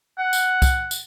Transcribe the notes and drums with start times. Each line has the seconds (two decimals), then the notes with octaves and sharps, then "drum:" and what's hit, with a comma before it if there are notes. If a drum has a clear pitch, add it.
0.18 F#5
0.33 drum: tambourine
0.62 drum: kick, tambourine
0.91 drum: tambourine